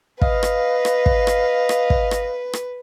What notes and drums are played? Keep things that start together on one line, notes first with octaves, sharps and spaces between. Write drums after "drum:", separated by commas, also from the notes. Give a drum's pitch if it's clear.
B4 D#5 F5, drum: kick
drum: rim click
drum: rim click
drum: kick
drum: rim click
drum: rim click
drum: kick
drum: rim click
drum: rim click